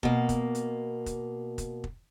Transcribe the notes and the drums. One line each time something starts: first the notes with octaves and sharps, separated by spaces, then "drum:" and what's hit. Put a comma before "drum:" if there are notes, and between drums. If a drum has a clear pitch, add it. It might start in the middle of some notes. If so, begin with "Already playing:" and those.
B2 A#3, drum: kick
drum: kick, hi-hat
drum: hi-hat
drum: kick, hi-hat
drum: kick, hi-hat
drum: kick